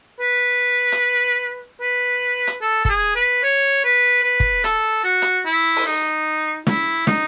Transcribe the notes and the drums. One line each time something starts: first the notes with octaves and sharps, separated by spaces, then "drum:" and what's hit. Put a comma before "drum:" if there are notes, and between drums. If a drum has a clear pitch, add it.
B4
drum: hi-hat
B4
drum: hi-hat
A4
A4, drum: kick
G#4
B4
C#5
B4
B4
drum: kick
A4, drum: hi-hat
F#4
drum: hi-hat
E4
drum: open hi-hat
D#4
E4, drum: snare
D#4, drum: snare